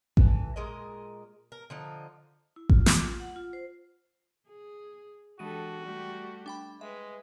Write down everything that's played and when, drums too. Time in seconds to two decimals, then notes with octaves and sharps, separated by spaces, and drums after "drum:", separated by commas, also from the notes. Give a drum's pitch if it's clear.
0.17 A2 E3, drum: kick A1
0.56 A#2 G#3 A#4 D#5
1.52 A#4
1.70 D3 F3 D#4
2.56 E4
2.69 F4, drum: kick A1
2.86 D6, drum: snare
3.01 F4
3.20 F#5
3.36 F4
3.53 C5
4.48 G#4
5.39 E3 G#3 D4 F#4 G4 A4 D#7
5.83 G3 A3 G4
6.46 D4 G5 B5
6.81 G#3 B4 E5